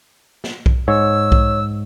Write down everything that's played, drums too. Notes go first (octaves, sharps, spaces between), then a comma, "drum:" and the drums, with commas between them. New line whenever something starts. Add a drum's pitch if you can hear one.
drum: snare
drum: kick B1
G#2 C#5 E6
drum: kick B1